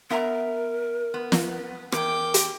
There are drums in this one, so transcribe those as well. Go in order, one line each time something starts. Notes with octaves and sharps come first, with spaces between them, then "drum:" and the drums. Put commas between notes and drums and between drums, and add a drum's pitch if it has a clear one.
B3 A#4 E5 A#5
B3
drum: snare
E2 A#4 G5 D6, drum: rim click
drum: hi-hat